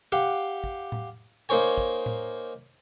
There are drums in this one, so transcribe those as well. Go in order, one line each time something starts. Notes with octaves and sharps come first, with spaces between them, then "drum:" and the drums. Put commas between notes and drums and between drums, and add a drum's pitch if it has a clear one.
G4 F5 F#5
drum: kick
drum: tom A2
A#3 D#4 C5 C#5 G#5
drum: kick
drum: tom A2